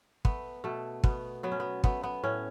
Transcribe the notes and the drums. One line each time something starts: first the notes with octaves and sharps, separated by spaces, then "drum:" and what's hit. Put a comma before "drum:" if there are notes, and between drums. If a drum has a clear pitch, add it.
A3 B3, drum: kick
B2 A3
B2 B3, drum: kick
F#3 B3
C#4
B3
A3 B3, drum: kick
B3
A2 C#4